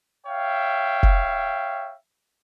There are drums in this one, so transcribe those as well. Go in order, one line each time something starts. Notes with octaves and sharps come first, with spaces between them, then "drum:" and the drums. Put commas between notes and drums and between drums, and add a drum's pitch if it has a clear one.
C#5 E5 F5 G5
drum: kick F1